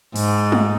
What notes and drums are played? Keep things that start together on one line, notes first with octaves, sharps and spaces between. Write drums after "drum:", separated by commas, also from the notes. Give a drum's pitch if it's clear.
G#2, drum: open hi-hat
drum: tom G#3